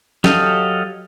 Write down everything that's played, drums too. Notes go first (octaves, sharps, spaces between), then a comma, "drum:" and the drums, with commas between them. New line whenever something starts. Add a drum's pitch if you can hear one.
F#3 G4 A4 D#5 F5, drum: snare